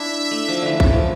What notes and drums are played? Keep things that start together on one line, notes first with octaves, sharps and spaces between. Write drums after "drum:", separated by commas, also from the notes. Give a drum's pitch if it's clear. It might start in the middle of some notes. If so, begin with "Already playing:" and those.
Already playing: D4 E4 E5
A3
F3
D3 E3
E3, drum: kick A#1
F3